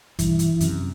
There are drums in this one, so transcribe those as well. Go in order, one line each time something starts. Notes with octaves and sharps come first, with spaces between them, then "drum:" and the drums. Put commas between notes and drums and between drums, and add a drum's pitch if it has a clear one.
B1 G2 E3, drum: kick, hi-hat
drum: hi-hat
F#2 C3, drum: hi-hat